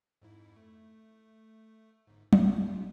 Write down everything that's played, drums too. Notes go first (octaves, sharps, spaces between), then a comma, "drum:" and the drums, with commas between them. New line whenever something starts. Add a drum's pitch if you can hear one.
F2 G#2 E4
A3
G1 G#2
F3 C#4, drum: tom
B3 F4 G4